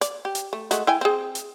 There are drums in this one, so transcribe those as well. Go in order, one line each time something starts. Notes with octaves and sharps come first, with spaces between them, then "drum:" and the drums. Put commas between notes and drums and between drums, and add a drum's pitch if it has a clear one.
D5, drum: hi-hat
G4
drum: hi-hat
A3
G#3 A3 F#4, drum: hi-hat
E4 G5 G#5
C4 G#4
drum: hi-hat